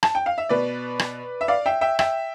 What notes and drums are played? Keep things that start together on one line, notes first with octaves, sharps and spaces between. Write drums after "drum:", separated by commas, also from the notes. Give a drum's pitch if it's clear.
A5, drum: rim click
G5
F5
E5
B2 B4 D5
drum: rim click
E5
D5 F5
E5 G5
E5 G5
E5 G5, drum: rim click